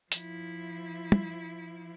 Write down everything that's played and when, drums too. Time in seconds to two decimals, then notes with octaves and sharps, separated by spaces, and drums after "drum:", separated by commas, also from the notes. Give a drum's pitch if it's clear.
0.12 F3 E4, drum: hi-hat
1.12 drum: tom